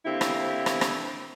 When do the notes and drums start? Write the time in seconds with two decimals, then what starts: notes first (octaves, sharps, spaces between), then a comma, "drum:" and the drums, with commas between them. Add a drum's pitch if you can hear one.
0.06 D3 A#3 C4 E4 G4
0.21 drum: rim click
0.66 drum: rim click
0.81 drum: rim click